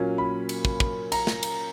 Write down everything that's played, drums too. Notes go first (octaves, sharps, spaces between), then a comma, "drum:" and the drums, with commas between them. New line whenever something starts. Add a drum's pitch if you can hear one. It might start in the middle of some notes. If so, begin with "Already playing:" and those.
Already playing: A#2 F#3 A#3 C#4
B5
drum: cymbal
drum: kick
drum: kick
A#5, drum: cymbal
drum: snare
drum: cymbal